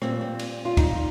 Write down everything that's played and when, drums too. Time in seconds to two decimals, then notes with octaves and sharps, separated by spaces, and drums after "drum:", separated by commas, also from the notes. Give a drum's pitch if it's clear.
0.02 A#2 G3 C4, drum: rim click
0.21 C4
0.39 drum: cymbal
0.65 F4
0.77 D#4, drum: kick, cymbal